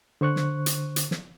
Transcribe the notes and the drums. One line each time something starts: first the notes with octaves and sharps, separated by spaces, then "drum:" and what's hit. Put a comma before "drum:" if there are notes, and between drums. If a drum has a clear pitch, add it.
D3 C5 C#6 F#6
drum: snare
drum: hi-hat
drum: hi-hat
drum: snare